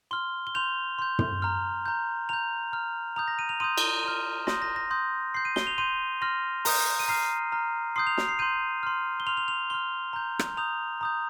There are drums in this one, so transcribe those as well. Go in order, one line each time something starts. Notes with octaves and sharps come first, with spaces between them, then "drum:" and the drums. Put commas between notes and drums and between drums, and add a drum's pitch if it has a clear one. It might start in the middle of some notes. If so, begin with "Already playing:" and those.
C6 F6 G7
G7
C6 G6 F7
C6 G6
drum: tom
A#5 F6
A#5 G6
A#5 G6 F7
A#5 F6
A#5 D#6 G6 F7
A#6
D#7
F7
C6 D#6 G6 D#7
drum: cymbal
C6 F6
C6 D#6 G6 A#6, drum: snare
A#6
A#6
C6 D#6 G6
C6 G6 C7
D#7
G7, drum: snare
F7
C6 G6 D#7
C6 F6 A#6
A#5 D#6 G6, drum: open hi-hat
D#7
A#5 F6 C7
A#5 F6
C6 D#6 G6 C7
F7
F7, drum: snare
C7
C6 G6 D#7
C6 F6
G7
C6 F6 F7
F7
F7
C6 F6 G7
A#5 G6
drum: rim click
A#5 D#6 G6 F7
A#5 D#6 G6